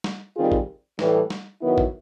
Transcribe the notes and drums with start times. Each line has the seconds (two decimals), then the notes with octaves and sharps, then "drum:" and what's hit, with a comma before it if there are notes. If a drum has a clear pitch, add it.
0.04 drum: snare G3
0.36 D#3 G3 C4 F4 G#4
0.52 drum: kick
0.99 A2 E3 G3, drum: snare G3
1.30 drum: snare G3
1.62 D#3 F#3 B3 E4
1.78 drum: kick